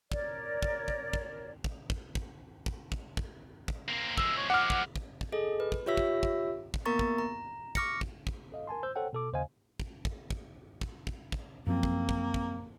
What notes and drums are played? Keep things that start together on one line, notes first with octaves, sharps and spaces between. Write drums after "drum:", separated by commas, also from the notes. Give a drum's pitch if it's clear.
A#4 C#5 D5, drum: kick
drum: kick
drum: kick
drum: kick
drum: kick
drum: kick
drum: kick
drum: kick
drum: kick
drum: kick
drum: kick
A#3 C4
F3 G#3 E6, drum: kick
C#5
F#5 D6 F6
drum: kick
drum: kick
drum: kick
G#4 A4 D#5
B4
drum: kick
F4 G4 C#5 E5 E6 B6
drum: kick
drum: kick
drum: kick
A#3 B3 A#4 A#5 C#6 A6
drum: kick
A#5
C#6 D6 F6 A#6 C#7, drum: kick
drum: kick
drum: kick
A4 D#5 F5
A#4 G#5 A5 C6
C5 E6 G6
A4 C5 C#5 F#5 G5
B2 A4 D6
D#2 C#3 C5 D#5 F5 G#5
drum: kick
drum: kick
drum: kick
drum: kick
drum: kick
drum: kick
F#2 F3 A#3 C4
drum: kick
drum: kick
drum: kick